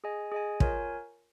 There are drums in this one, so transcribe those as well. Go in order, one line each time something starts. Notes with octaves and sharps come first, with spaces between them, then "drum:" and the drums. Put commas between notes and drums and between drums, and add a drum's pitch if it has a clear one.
G#4 D#5 G#5
G#4 D#5 G#5
F4 A#4 C#5 G#5, drum: kick